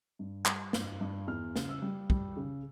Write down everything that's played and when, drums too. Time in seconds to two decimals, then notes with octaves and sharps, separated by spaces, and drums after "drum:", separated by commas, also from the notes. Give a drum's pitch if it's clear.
0.19 G2
0.46 G3, drum: clap
0.73 G2, drum: snare
1.01 G2
1.27 E2 F6
1.56 C#3, drum: snare
1.69 E6
1.82 G3
2.10 G3, drum: kick
2.37 C#3